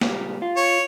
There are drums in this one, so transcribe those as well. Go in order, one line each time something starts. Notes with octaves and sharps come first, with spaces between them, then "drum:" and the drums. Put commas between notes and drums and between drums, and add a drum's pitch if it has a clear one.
C#2 A#2 G3, drum: snare
F4
C#5